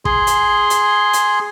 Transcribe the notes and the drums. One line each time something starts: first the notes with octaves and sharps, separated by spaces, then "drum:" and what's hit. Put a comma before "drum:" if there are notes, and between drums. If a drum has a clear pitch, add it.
G#4 C6, drum: kick
drum: hi-hat
drum: hi-hat
drum: hi-hat